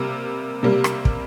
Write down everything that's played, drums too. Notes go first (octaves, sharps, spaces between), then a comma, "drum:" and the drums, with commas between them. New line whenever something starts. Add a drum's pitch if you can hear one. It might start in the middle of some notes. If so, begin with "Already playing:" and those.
Already playing: C3 G3 A#3
C3 G3 A#3
drum: rim click
drum: kick